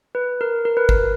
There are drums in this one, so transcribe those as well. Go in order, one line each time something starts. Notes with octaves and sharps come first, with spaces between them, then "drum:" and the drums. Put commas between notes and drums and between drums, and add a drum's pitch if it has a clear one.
B4
A#4
A#4
B4
A#4, drum: kick